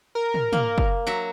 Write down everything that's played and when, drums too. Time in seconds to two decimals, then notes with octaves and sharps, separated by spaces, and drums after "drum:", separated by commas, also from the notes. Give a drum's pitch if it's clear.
0.15 A#4
0.34 drum: tom
0.53 A#3, drum: tom
0.78 drum: kick
1.07 F#3 F#4 E5